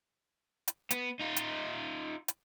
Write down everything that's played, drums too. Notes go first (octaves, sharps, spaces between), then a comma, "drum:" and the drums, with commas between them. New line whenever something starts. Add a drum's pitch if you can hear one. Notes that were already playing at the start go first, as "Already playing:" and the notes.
drum: hi-hat
B3, drum: hi-hat
D#4 F4
drum: hi-hat
drum: hi-hat